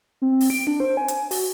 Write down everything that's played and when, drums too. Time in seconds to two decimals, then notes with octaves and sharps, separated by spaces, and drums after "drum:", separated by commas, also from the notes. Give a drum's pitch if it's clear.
0.22 C4
0.41 drum: open hi-hat
0.50 D7
0.67 D4
0.80 C5
0.97 G#5
1.08 drum: hi-hat
1.31 F#4, drum: open hi-hat